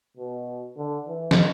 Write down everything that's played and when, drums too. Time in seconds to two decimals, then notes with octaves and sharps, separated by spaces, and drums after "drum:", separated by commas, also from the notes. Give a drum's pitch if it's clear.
0.17 B2
0.77 D3
1.07 E3
1.31 drum: snare